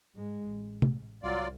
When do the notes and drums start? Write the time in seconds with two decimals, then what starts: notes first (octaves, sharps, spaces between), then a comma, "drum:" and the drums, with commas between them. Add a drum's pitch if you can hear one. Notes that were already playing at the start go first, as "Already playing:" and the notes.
0.15 G#2 G#3
0.48 A1
0.82 drum: tom
1.23 C2 F#3 F4 D5